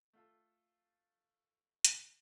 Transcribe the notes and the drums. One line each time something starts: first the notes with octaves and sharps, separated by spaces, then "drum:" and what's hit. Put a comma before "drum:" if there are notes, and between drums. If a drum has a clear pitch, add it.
A3 F4 A4
drum: hi-hat